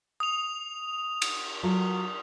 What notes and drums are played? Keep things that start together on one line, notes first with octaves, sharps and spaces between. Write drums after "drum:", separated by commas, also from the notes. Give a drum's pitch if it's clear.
D#6 F7
drum: cymbal
F#3 F4 A4